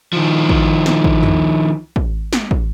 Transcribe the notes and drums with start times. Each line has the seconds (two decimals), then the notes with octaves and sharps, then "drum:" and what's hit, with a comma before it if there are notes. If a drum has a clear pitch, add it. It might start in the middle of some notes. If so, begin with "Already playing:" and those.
0.13 D#3 F3
0.49 drum: kick
0.86 drum: snare
1.04 drum: kick
1.23 drum: tom
1.96 drum: kick
2.33 drum: snare
2.51 drum: kick